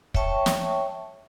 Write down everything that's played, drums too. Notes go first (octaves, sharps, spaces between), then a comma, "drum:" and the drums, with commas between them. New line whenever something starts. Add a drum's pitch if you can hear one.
C#5 E5 G5 A5 C#6, drum: kick
drum: snare